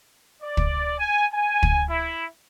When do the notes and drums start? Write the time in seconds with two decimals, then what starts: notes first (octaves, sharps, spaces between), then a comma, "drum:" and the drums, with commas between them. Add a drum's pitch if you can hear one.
0.42 D5
0.57 drum: kick
0.99 G#5
1.33 G#5
1.63 drum: kick
1.89 E4